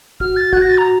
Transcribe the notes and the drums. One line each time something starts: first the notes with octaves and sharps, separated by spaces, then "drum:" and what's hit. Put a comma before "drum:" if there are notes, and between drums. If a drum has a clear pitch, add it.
F#4 F6, drum: kick
A6
F#4 F#6, drum: kick
A#6
A6
A#5